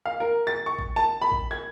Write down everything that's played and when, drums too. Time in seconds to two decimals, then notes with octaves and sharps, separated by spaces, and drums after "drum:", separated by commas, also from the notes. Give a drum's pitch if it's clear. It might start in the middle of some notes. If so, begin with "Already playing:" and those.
0.06 F5
0.20 A#4
0.47 A6
0.66 C#6
0.79 drum: kick A1
0.96 A5
1.22 B5
1.32 drum: kick A1
1.51 G#6